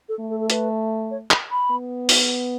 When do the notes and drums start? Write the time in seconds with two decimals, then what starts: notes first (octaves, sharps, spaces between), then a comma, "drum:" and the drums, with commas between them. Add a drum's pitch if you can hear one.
0.09 A4
0.20 A3
0.30 A4
0.41 A4
0.50 B4, drum: hi-hat
1.11 C#5
1.31 B5, drum: clap
1.51 B5
1.71 B3
2.09 drum: open hi-hat